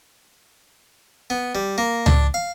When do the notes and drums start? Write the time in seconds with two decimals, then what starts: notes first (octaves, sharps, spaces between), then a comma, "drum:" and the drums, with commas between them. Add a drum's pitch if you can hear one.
1.30 B3
1.55 G3
1.78 A#3
2.06 D4, drum: tom C#2
2.34 F5